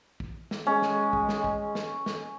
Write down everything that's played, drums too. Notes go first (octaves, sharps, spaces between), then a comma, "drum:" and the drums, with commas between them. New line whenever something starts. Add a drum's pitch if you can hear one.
drum: kick
drum: snare
G#3 C#4
drum: snare
drum: kick
drum: snare
drum: kick
drum: snare
drum: snare